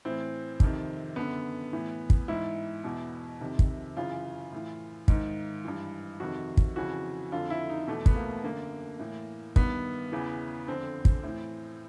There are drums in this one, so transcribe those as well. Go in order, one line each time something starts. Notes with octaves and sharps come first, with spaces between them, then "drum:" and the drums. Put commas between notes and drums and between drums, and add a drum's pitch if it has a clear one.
A2 E3 C4
F2 C3 D#3, drum: kick
F#2 D3 B3
A2 E3
drum: kick
G#2 E3 E4
E2 B2
F2 C3 D#3
drum: kick
F#2 C#3 E3 F4
A2 E3
G#2 D#3, drum: kick
G2 E3
F2 C3 D#3 F#4
drum: kick
F2 C#3 E3 F#4
F2 D3 F4
E4
D#4
E2 B2 A3
B3, drum: kick
A#3
F#2 D3 A#3
A2 E3
G2 D#3 B3, drum: kick
E2 C#3 E3
F2 D3 C4
drum: kick
A2 E3